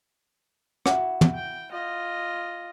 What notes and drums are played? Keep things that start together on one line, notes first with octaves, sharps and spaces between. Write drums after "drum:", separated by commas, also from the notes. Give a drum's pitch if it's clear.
E4 F#4, drum: rim click
drum: tom
G5
F4 D#5